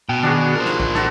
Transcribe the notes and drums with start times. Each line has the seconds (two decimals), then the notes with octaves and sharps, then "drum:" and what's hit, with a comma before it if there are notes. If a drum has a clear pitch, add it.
0.09 B2 G5
0.23 D#3 D4 F#4 G#4
0.55 F4 A#4 C5
0.66 drum: snare
0.80 drum: kick A#1
0.95 F#4 A4, drum: snare